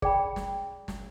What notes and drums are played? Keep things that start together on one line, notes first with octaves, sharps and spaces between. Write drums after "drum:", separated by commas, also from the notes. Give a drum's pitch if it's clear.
G#4 D5 G5 B5, drum: kick
drum: snare
drum: snare